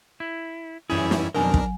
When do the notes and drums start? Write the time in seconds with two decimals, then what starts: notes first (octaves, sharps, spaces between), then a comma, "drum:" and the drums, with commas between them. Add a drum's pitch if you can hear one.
0.20 E4
0.90 F#2 E3 G3 C#4 E4 G#4
1.11 drum: snare
1.35 F2 B2 D#3 F#3 D4 A#4 G#5
1.54 drum: kick